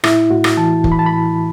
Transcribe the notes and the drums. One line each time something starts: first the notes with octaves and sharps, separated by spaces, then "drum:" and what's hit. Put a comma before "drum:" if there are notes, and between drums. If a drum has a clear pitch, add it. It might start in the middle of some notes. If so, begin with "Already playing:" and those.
A2 E4, drum: rim click
A2 F#4
drum: rim click
E3 A5
E3, drum: kick F1
B5
A5
A2 B5